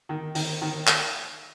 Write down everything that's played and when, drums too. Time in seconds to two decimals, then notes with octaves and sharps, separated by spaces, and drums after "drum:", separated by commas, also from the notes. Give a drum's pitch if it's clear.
0.09 D#3
0.35 D#3, drum: open hi-hat
0.62 D#3
0.87 drum: clap